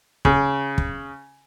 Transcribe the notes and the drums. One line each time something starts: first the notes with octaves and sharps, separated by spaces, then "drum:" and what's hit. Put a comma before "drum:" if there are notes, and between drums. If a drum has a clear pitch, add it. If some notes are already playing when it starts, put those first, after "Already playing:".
C#3, drum: kick
drum: kick